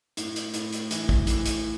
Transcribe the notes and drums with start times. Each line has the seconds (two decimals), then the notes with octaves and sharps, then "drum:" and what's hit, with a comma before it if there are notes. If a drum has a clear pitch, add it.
0.17 A2, drum: hi-hat
0.36 drum: hi-hat
0.54 A2, drum: hi-hat
0.73 drum: hi-hat
0.91 E3, drum: hi-hat
1.09 drum: kick
1.27 E3, drum: hi-hat
1.46 drum: hi-hat